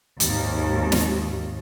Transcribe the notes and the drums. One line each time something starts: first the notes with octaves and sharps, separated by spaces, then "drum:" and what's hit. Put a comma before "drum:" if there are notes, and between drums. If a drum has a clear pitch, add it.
G#1 D#2, drum: hi-hat
drum: snare